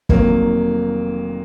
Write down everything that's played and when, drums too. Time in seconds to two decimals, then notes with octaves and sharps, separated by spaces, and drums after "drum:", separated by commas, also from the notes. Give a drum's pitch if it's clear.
0.09 F1 F2 D#3 F#3 A#3, drum: kick